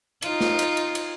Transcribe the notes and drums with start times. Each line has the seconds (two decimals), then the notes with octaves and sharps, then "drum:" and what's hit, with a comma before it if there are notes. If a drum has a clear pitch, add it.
0.22 D#4 F4, drum: cymbal
0.41 drum: snare
0.59 drum: cymbal
0.77 drum: cymbal
0.95 drum: cymbal